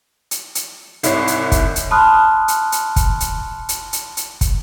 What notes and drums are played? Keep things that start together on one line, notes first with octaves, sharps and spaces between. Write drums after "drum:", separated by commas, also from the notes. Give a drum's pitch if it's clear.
drum: hi-hat
drum: hi-hat
C2 G#2 E4 C#5 C7, drum: hi-hat
drum: hi-hat
drum: kick, hi-hat
drum: hi-hat
A5 B5 C6 D#6 F6 F#6
drum: hi-hat
drum: hi-hat
drum: kick, hi-hat
drum: hi-hat
drum: hi-hat
drum: hi-hat
drum: hi-hat
drum: kick, hi-hat